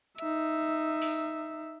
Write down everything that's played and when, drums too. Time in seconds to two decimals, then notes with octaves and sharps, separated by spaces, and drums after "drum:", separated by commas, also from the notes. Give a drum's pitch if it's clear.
0.18 D#4 E5, drum: hi-hat
1.02 drum: open hi-hat